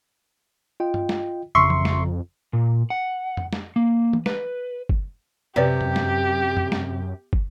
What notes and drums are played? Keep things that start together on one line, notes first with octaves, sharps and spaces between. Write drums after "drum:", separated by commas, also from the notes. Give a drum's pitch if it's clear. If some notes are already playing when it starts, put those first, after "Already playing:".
F4 D#5 G5
drum: tom G2
drum: snare
G1 F2 C#3 E5 A#5 C6 C#6
drum: tom E3
drum: snare
A#2
F#5
drum: tom F2
drum: snare
A#3
drum: tom E3
B4, drum: snare
drum: kick
F#2 C3 G4 B4 C#5 D5
drum: tom F2
drum: snare
drum: tom F2
drum: snare
drum: kick